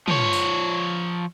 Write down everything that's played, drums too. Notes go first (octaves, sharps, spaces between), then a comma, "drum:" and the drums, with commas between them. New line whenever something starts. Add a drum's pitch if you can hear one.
F3 C#5, drum: tom
drum: tambourine